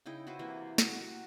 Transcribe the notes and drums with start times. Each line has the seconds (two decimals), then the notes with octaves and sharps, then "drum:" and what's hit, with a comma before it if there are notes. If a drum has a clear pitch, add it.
0.06 C#3 D#4 E4 G5
0.27 E4 F#4 B4 C5
0.39 C3 E3 A#3
0.78 F#4, drum: snare
1.00 F#4